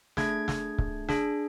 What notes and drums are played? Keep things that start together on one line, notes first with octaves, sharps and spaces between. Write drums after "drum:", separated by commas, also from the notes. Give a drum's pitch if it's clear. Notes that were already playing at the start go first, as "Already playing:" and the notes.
A3 D4 G#4 G#6, drum: snare
drum: snare
drum: kick C#1
D4 G#4, drum: snare